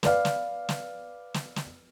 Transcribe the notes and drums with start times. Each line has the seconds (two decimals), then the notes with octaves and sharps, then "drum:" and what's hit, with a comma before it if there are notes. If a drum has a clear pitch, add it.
0.03 B4 D5 F5, drum: snare
0.25 drum: snare
0.69 drum: snare
1.34 drum: snare
1.56 drum: snare